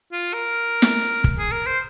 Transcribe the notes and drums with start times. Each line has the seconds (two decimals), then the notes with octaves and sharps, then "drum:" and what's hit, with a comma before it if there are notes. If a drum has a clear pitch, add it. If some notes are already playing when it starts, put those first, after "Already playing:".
0.12 F4
0.34 A#4
0.82 drum: snare
1.24 drum: kick
1.39 G#4
1.52 A#4
1.66 C5